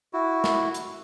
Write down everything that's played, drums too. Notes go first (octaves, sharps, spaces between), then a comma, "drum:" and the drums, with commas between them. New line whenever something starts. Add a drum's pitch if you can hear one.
E4 F#4
drum: snare
drum: hi-hat